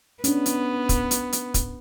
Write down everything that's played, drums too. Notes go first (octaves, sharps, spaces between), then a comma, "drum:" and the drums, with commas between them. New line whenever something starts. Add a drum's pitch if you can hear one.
B3 C#4 D4, drum: hi-hat
drum: hi-hat
drum: kick, hi-hat
drum: hi-hat
drum: hi-hat
drum: kick, hi-hat